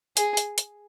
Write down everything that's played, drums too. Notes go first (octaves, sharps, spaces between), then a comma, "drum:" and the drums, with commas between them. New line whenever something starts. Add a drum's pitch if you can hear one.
G#4, drum: hi-hat
drum: hi-hat
drum: hi-hat